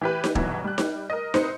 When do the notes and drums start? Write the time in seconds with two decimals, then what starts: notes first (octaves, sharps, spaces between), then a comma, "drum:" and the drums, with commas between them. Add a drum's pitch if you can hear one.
0.01 E3 G4 B4
0.24 drum: snare D#4
0.35 G1 C2 B2 E3 F#3, drum: kick
0.64 G3 F#6
0.78 drum: snare D#4
1.10 A#4 D#5
1.34 C4 D#4 B4 C5 D#6 C#7, drum: snare D#4